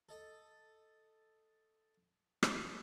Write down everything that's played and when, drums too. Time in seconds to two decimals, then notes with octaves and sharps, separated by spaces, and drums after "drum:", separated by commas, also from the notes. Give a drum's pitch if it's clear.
0.09 A4 D#5 A5
2.43 drum: rim click